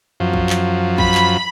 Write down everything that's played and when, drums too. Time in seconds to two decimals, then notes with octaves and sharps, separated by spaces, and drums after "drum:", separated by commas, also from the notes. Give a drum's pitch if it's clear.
0.20 F#2 F3
0.34 drum: kick
0.50 drum: clap
0.98 B5, drum: kick
1.14 drum: clap